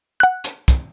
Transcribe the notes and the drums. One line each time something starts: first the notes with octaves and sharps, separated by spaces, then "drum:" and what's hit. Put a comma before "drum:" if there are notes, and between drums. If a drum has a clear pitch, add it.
F#5 F#6
drum: hi-hat
drum: kick, hi-hat